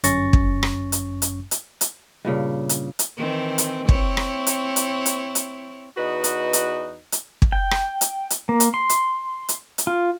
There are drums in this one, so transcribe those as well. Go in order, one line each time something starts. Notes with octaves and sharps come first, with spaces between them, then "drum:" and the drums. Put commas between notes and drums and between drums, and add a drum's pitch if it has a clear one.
G1 F#2 C#4 C#6 A6 A#6, drum: hi-hat
drum: kick
drum: rim click
drum: hi-hat
drum: hi-hat
drum: hi-hat
drum: hi-hat
G2 A#2 C#3
drum: hi-hat
drum: hi-hat
D#3 E3 C4
drum: hi-hat
C4 E4 C#5, drum: kick
drum: rim click
drum: hi-hat
drum: hi-hat
drum: hi-hat
drum: hi-hat
E2 D#4 F#4 B4 D#5
drum: hi-hat
drum: hi-hat
drum: hi-hat
drum: kick
G5
drum: rim click
drum: hi-hat
drum: hi-hat
A#3
drum: hi-hat
C6
drum: hi-hat
drum: hi-hat
drum: hi-hat
F4